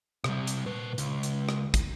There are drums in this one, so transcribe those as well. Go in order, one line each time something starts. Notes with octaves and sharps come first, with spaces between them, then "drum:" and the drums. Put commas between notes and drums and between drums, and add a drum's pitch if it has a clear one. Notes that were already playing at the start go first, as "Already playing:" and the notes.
C3 G3, drum: rim click
drum: hi-hat
A#2 B4
C#2, drum: hi-hat
drum: hi-hat
drum: rim click
drum: kick, hi-hat